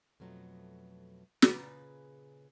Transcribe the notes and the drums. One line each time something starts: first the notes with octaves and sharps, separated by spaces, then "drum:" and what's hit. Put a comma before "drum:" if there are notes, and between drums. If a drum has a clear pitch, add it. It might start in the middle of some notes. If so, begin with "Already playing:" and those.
F2 B2 F#3 A3
A#2 C#3 G#4 B4 A#5, drum: snare